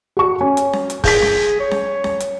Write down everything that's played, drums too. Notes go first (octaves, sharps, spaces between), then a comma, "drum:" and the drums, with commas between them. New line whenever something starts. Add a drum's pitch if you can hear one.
F#4 C#6
C#4
drum: hi-hat
drum: snare C#4
drum: hi-hat
G#4 G6 B6, drum: kick, open hi-hat
drum: snare C#4
C#5
drum: snare C#4
drum: snare C#4
drum: hi-hat